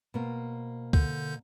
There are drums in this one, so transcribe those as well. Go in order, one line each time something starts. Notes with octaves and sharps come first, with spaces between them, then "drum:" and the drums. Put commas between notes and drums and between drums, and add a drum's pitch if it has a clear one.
B2 A#3 C5
D3 G6, drum: kick C#2